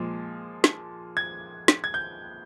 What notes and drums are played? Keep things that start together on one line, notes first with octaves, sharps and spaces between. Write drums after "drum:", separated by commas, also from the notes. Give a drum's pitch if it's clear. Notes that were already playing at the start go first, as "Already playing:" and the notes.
Already playing: A#2 F3 G#3
drum: snare
G#6
drum: snare
G#6
G6